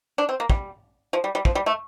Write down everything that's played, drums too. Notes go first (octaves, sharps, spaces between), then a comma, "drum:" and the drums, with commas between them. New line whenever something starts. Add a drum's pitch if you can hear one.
D4
C4
A#3
G3, drum: kick
F3
G3
G3
F3, drum: kick
G3
A3